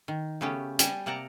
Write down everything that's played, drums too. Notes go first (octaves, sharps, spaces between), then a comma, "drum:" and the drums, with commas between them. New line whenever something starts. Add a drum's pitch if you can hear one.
D#3
C#3 A3 B3 C#4 G4
G3 G4 G#5 A5, drum: hi-hat
C3 A#3 D5 F#5 A5 A#5